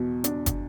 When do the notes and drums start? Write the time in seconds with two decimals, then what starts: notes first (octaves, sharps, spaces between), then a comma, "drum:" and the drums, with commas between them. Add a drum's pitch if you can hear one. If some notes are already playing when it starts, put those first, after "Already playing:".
Already playing: E2 B2
0.24 D4, drum: hi-hat
0.46 drum: kick, hi-hat